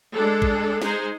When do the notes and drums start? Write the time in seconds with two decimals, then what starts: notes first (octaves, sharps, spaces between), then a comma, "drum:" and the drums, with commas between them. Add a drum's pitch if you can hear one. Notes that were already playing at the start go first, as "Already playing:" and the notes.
0.13 G#3 D4 A4
0.42 drum: kick
0.82 G#3 D#4 G#4 C5, drum: snare